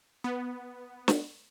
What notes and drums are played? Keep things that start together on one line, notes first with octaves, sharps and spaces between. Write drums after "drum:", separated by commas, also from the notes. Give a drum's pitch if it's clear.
B3
drum: snare